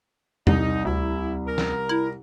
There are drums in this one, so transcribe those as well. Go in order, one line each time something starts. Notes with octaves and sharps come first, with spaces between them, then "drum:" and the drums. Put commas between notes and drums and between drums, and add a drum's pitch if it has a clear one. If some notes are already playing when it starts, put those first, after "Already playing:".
C2 D#4, drum: tom E2
D2 E4
A#4
drum: snare
E4